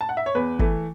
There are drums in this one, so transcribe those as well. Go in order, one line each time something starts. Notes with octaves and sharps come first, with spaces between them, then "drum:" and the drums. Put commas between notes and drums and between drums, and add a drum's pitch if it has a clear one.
A5
F#5
E5
C#5
E2 B4
E3 A3, drum: kick